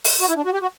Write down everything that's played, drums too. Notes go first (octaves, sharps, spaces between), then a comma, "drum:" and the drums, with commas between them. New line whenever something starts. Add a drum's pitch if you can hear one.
drum: open hi-hat
F#4
E4
D4
F#4
G4
F#4